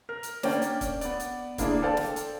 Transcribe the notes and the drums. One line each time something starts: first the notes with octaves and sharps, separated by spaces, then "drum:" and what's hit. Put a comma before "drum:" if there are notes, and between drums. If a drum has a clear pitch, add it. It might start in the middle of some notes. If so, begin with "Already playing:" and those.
A#4
drum: hi-hat
A#3 C#4 D4 D5 G5, drum: snare
drum: hi-hat
drum: kick, hi-hat
B3 D5, drum: hi-hat
drum: hi-hat
D3 A#3 D4 E4 G#4 D5, drum: kick, hi-hat
A4 C5 D5 F5 G5 A5
drum: snare
drum: hi-hat